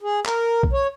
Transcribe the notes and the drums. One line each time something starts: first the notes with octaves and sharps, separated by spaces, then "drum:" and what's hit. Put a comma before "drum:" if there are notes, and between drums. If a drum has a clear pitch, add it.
G#4
A#4, drum: clap
drum: kick B1
C#5